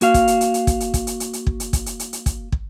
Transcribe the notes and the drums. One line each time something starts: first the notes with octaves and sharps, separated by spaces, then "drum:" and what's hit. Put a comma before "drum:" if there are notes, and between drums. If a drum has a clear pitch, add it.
A#3 F#4 F5, drum: hi-hat
drum: kick, hi-hat
drum: hi-hat
drum: hi-hat
drum: hi-hat
drum: kick, hi-hat
drum: hi-hat
drum: kick, hi-hat
drum: hi-hat
drum: hi-hat
drum: hi-hat
drum: kick
drum: hi-hat
drum: kick, hi-hat
drum: hi-hat
drum: hi-hat
drum: hi-hat
drum: kick, hi-hat
drum: kick